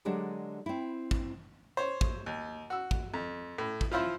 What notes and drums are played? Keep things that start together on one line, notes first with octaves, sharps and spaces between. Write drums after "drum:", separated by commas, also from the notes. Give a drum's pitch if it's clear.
D3 F#3 G#3 D4 G4 G#4
C4 E4
drum: kick
C5 C#5
drum: kick
D#2
F#4 E6
drum: kick
F2
A2
drum: kick
F3 E4 F4 C5